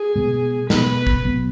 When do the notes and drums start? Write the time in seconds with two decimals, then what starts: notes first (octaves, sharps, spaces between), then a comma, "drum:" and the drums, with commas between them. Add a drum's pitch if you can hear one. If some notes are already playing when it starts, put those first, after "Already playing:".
Already playing: G#4
0.16 B2 G#3 B3
0.70 B2 G#3 B3 B4, drum: snare
1.07 drum: kick
1.25 B2 F#3 B3